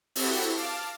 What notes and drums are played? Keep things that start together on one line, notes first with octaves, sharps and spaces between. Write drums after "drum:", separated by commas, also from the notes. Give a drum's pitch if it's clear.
C4 E4 F#4 G4 A4, drum: open hi-hat
F5 A5 D6